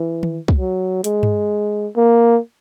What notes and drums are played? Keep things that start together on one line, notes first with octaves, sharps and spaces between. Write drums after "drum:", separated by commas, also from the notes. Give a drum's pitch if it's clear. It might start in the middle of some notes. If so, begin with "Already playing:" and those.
Already playing: E3
drum: tom D#3
drum: kick
F#3
G#3, drum: hi-hat
drum: tom G2
A#3